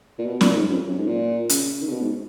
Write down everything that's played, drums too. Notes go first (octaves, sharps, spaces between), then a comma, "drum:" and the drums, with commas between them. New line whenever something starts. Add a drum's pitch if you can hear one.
A#2
B2
A#2, drum: snare
F#2
G#2
F#2
F2
F#2
G#2
A#2
C#3, drum: hi-hat
D#3
C#3
B2
G#2